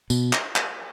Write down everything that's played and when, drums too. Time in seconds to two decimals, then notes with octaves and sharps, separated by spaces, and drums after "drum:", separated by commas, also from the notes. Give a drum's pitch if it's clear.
0.10 B2, drum: tambourine
0.33 drum: clap
0.56 drum: clap